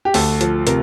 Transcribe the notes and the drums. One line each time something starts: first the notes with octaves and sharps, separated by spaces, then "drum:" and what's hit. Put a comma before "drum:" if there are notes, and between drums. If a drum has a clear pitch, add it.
G4
D2 A4, drum: open hi-hat
F3, drum: hi-hat
C3 A#4, drum: hi-hat